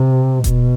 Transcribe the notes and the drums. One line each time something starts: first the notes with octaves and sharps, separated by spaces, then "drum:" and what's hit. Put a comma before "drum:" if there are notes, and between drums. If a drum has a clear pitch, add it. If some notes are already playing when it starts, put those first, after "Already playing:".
Already playing: C3
B2, drum: kick D#1, hi-hat